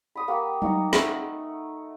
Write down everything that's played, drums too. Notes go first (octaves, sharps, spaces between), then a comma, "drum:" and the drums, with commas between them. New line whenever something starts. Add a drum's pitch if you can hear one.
B5 D#6
A#3 F#4 G4
D#4 F#4, drum: tom F#3
A3, drum: snare